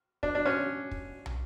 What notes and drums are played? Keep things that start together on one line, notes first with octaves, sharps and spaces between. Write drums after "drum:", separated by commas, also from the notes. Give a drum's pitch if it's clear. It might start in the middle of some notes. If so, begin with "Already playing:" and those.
D4, drum: kick
D4
C#4
drum: kick
drum: tom